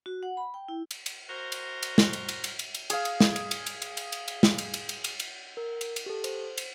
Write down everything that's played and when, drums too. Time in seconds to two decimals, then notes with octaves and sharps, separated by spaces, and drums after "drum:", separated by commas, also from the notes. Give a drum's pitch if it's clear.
0.06 F#4
0.23 F#5
0.37 B5
0.54 G5
0.68 E4
0.91 drum: cymbal
1.06 drum: cymbal
1.29 F#4 A#4 C5
1.52 drum: cymbal
1.83 drum: cymbal
1.98 drum: snare
2.13 drum: cymbal
2.29 drum: cymbal
2.44 drum: cymbal
2.59 drum: cymbal
2.74 drum: cymbal
2.90 G#4 F5, drum: cymbal
3.05 drum: cymbal
3.20 drum: snare
3.36 drum: cymbal
3.51 drum: cymbal
3.66 drum: cymbal
3.82 drum: cymbal
3.97 drum: cymbal
4.12 drum: cymbal
4.28 drum: cymbal
4.43 drum: snare
4.58 drum: cymbal
4.74 drum: cymbal
4.89 drum: cymbal
5.04 drum: cymbal
5.20 drum: cymbal
5.57 A#4
5.81 drum: cymbal
5.96 drum: cymbal
6.06 G4 A4
6.24 C5, drum: cymbal
6.58 drum: cymbal